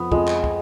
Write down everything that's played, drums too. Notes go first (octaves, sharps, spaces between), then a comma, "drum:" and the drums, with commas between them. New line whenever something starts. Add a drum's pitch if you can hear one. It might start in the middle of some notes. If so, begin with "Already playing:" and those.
Already playing: F2 F3 B3
F2 G#3, drum: kick
drum: clap
drum: kick